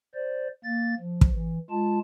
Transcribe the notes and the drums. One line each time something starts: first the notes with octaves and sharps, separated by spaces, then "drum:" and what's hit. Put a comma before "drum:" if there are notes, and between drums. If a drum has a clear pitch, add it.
C5 D5
A#3 A6
F3
drum: kick
E3
G#3 F4 A5